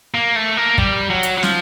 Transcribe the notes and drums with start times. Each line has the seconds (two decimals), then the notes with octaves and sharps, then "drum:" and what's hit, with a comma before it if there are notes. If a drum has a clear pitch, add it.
0.14 A#3
0.36 A3
0.57 A#3
0.78 G3, drum: kick
1.10 F#3
1.23 drum: hi-hat
1.38 F#3
1.43 F3, drum: snare